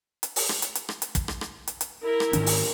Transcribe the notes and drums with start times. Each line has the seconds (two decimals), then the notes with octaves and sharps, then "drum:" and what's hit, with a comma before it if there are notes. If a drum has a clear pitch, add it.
0.23 drum: hi-hat
0.36 drum: open hi-hat
0.49 drum: rim click
0.62 drum: hi-hat
0.75 drum: hi-hat
0.89 drum: rim click
1.02 drum: hi-hat
1.15 drum: kick, hi-hat
1.28 drum: rim click
1.41 drum: rim click
1.67 drum: hi-hat
1.81 drum: hi-hat
2.01 E4 A#4
2.20 drum: rim click
2.33 G#2 D#3 D4, drum: hi-hat
2.46 drum: open hi-hat